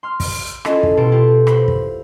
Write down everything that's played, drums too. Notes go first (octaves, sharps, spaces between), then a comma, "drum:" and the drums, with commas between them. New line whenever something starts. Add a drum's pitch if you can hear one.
C6 F6
drum: kick, open hi-hat
C#4 E4 F4 A4 D#5 A5, drum: rim click
drum: kick
B2 F4 G4 A4 D7
E4 F4 G4
C5 B5, drum: rim click
drum: kick